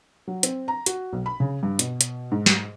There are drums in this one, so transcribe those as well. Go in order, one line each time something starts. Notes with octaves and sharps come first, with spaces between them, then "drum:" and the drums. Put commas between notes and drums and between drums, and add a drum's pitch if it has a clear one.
F#3
C4, drum: hi-hat
A#5
F#4, drum: hi-hat
B1
B5
C#3
G2
B2, drum: hi-hat
drum: hi-hat
G#2
drum: snare